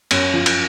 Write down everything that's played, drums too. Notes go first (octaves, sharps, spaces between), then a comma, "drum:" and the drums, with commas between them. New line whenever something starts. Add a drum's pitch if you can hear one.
F#2 C#4, drum: cymbal
F3
drum: cymbal